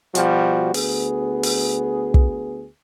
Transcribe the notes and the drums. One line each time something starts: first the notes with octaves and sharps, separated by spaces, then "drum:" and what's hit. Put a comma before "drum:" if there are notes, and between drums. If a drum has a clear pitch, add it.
B2 F3 G3 F#4, drum: hi-hat
D2 B3 G#4, drum: open hi-hat
drum: open hi-hat
drum: kick